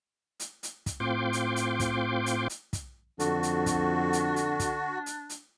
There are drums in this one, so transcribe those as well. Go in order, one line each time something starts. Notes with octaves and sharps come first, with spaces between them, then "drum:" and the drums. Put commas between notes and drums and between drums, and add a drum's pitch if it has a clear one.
drum: hi-hat
drum: hi-hat
drum: kick, hi-hat
A2 C4 F4 G5 C6 D6
drum: hi-hat
drum: hi-hat
drum: kick, hi-hat
drum: hi-hat
drum: hi-hat
drum: kick, hi-hat
F2 D3 D4 F#4, drum: hi-hat
drum: hi-hat
drum: kick, hi-hat
drum: hi-hat
drum: hi-hat
drum: kick, hi-hat
drum: hi-hat
drum: hi-hat